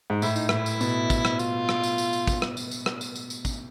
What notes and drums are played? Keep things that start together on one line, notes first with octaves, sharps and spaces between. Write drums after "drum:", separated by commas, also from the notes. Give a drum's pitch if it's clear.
G#2
A2 E4, drum: tambourine
D#4, drum: tambourine
A2 E4, drum: rim click
drum: tambourine
B2, drum: tambourine
drum: kick, tambourine
drum: rim click
F4, drum: tambourine
drum: rim click
drum: tambourine
drum: tambourine
drum: tambourine
drum: kick, tambourine
drum: rim click
drum: tambourine
drum: tambourine
drum: rim click
drum: tambourine
drum: tambourine
drum: tambourine
drum: kick, tambourine